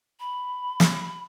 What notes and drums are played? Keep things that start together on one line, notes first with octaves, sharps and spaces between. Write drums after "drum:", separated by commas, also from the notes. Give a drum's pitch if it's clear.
B5
drum: snare